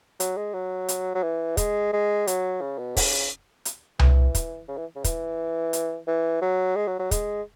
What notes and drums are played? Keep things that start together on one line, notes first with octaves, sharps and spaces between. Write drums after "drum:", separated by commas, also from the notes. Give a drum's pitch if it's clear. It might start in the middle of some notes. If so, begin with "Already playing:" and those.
F#3, drum: hi-hat
G#3
F#3
drum: hi-hat
F#3
E3
G#3, drum: kick, hi-hat
G#3
F#3, drum: hi-hat
C#3
B2
C#3, drum: kick, open hi-hat
drum: hi-hat
E3, drum: tom C2
drum: kick, hi-hat
C#3
E3
C#3
E3, drum: kick, hi-hat
drum: hi-hat
E3
F#3
G#3
F#3
F#3
G#3, drum: kick, hi-hat